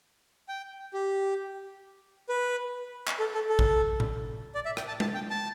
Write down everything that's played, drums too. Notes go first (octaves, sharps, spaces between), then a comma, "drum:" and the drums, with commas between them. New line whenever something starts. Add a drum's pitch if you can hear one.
G5
G4
B4
drum: clap
A4
A4
A4
drum: kick A#1
drum: tom A2
D5
E5
G5, drum: rim click
A5
A5, drum: tom G#3
G5
A5